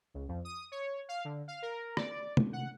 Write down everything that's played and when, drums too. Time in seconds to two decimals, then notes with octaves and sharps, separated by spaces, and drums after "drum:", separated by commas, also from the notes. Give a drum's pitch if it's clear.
0.14 C#2
0.28 F2
0.45 D#6
0.72 C#5
1.09 F5
1.25 D3
1.48 F5
1.62 A#4
1.97 D5, drum: rim click
2.37 drum: tom
2.53 F#5